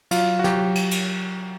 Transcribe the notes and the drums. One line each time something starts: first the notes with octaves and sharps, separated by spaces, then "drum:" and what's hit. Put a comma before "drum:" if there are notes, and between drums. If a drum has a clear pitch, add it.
F#3 F4, drum: cymbal
F#4
F#3 G4, drum: snare
drum: cymbal
drum: cymbal